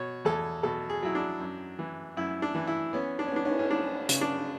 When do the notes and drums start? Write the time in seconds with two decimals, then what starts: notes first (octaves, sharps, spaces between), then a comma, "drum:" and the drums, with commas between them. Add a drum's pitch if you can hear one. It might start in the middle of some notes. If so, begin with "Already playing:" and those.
Already playing: B2 C#5
0.25 E2 A4
0.63 B2 A4
0.89 G#4
1.02 F#3 E4
1.15 D4
1.40 F#2
1.79 E3
2.17 F#2 E4
2.42 D4
2.55 E3
2.67 E4
2.93 B3 C#4
3.19 D4
3.27 C#4
3.32 B3 D4
3.45 C#4, drum: cymbal
3.59 C#4
3.70 B3 D4
4.09 C#3, drum: hi-hat
4.21 D4